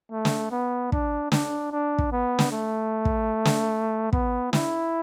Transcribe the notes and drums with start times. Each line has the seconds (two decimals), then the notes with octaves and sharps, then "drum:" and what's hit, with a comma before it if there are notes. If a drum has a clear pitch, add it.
0.12 A3
0.25 drum: snare
0.51 B3
0.92 D4, drum: kick
1.32 D4, drum: snare
1.72 D4
1.99 drum: kick
2.12 B3
2.39 drum: snare
2.52 A3
3.05 drum: kick
3.45 drum: snare
4.13 B3, drum: kick
4.53 E4, drum: snare